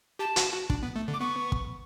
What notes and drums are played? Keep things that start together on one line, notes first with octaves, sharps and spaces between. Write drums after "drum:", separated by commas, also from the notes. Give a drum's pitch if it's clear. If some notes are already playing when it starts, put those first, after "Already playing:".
G4 A5
F#4, drum: hi-hat
F#4
D4, drum: kick
B3
A3
D3
D6
B3 C#6
drum: kick